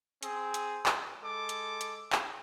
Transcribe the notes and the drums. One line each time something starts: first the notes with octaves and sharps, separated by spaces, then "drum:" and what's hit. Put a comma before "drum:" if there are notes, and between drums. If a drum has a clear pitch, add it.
C4 G#4, drum: hi-hat
drum: hi-hat
drum: clap
G#3 A4 D6
drum: hi-hat
drum: hi-hat
drum: clap